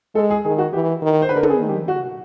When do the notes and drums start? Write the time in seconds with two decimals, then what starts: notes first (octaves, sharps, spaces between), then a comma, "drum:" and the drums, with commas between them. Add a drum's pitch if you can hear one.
0.15 G#3 A4
0.30 G#4
0.45 D#3 G#4
0.58 F#4
0.73 E3 G4
1.02 D#3
1.22 C5
1.29 D3 B4
1.36 A#4
1.43 A4, drum: tom
1.50 G#4
1.59 D#3
1.69 G4
1.88 F#4